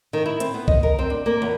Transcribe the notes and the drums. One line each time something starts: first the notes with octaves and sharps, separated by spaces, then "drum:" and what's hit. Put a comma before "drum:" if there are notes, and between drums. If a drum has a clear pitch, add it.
D#3
E4
C4, drum: hi-hat
B3
D#5, drum: kick B1
A#4
C4
D4
A#3
E2